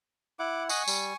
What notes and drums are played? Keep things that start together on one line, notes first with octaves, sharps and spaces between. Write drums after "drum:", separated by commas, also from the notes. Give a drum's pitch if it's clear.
E4 F#5 D6
D#5 F#5 G#5 C#6, drum: tambourine
G3, drum: tambourine